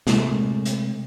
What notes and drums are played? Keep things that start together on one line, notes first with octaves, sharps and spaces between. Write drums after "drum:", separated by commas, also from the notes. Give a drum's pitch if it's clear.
C3 G#3 A3, drum: snare
drum: hi-hat